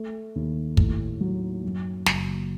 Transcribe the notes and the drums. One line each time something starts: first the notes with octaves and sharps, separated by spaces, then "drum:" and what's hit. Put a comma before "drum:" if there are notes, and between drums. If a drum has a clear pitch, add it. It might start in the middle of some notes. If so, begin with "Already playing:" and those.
Already playing: A3
D#2
A2, drum: kick
F#3
F#2
F#1, drum: snare